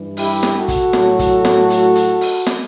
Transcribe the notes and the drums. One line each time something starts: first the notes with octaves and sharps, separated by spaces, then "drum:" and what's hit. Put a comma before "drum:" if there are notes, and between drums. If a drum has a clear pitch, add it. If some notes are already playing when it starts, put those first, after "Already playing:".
Already playing: G2 E3 G3
E4 G4, drum: open hi-hat
drum: snare
F#4 A4
drum: kick, hi-hat
A2 F#3 A3, drum: snare
drum: kick, hi-hat
drum: snare
drum: hi-hat
drum: hi-hat
drum: open hi-hat
drum: snare